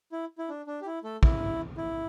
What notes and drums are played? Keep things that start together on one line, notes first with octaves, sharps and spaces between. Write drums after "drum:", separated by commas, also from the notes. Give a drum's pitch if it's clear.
E4
E4
D4
D4
G4
E4
A3 A4
E4, drum: kick
E4